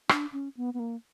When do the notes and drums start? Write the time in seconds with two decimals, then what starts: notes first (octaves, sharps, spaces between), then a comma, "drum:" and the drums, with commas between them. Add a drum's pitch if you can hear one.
0.09 D4, drum: rim click
0.32 C#4
0.57 B3
0.74 B3
0.79 A#3